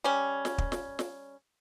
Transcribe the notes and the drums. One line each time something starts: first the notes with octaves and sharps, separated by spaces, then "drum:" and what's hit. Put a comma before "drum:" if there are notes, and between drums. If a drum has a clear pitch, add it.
G3 C#4
drum: snare
drum: kick
drum: snare
drum: snare